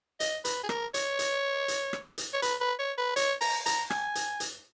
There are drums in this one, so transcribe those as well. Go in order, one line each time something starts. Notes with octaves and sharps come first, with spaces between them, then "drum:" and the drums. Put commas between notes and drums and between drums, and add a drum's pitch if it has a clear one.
D#5, drum: hi-hat
B4, drum: hi-hat
G#4
A#4, drum: rim click
C#5, drum: hi-hat
drum: hi-hat
drum: hi-hat
drum: rim click
drum: hi-hat
C#5
B4, drum: hi-hat
B4
C#5
B4
C#5, drum: hi-hat
A#5, drum: open hi-hat
A#5, drum: hi-hat
G#5, drum: rim click
drum: hi-hat
drum: hi-hat